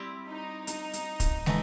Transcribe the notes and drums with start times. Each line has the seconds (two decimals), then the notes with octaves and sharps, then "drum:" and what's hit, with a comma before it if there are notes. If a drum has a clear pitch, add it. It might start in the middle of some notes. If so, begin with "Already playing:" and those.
Already playing: G3 C4 E4 G4
0.28 D#4
0.67 D#4, drum: hi-hat
0.93 drum: hi-hat
1.20 drum: kick, hi-hat
1.46 E3 A3 D#4, drum: snare